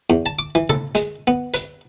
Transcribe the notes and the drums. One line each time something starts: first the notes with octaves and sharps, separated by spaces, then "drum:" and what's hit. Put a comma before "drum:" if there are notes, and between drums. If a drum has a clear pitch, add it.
E2
A5
D6
E3
A4, drum: tom
G#3, drum: hi-hat
B3
B4, drum: hi-hat